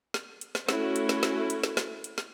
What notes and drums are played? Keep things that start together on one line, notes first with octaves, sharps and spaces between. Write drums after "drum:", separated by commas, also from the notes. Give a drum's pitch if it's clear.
drum: snare
drum: hi-hat
drum: snare
A3 C#4 E4 F#4, drum: snare
drum: hi-hat
drum: snare
drum: snare
drum: hi-hat
drum: snare
drum: snare
drum: hi-hat
drum: snare